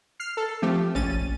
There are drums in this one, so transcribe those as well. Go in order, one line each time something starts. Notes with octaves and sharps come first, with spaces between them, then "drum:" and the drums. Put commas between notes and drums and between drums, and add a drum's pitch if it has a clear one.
F6 C7
A4
F3 A3 C4 G4
A#1 C#4 A6 D#7, drum: tom